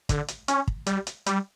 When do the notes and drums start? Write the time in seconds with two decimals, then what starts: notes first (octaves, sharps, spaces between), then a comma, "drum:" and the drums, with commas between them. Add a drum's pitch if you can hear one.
0.09 D3, drum: kick, hi-hat
0.28 drum: hi-hat
0.48 C#4, drum: hi-hat
0.68 drum: kick
0.86 G3, drum: hi-hat
1.07 drum: hi-hat
1.26 G3, drum: hi-hat